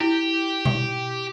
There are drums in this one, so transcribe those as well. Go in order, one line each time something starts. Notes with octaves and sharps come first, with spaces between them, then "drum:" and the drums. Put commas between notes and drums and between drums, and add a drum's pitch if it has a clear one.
E4 G4
drum: tom B2